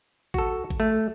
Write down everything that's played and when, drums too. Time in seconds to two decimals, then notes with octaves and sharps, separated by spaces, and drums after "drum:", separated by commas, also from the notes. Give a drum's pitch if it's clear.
0.34 F#4 A4, drum: kick A1
0.70 drum: kick A1
0.80 A3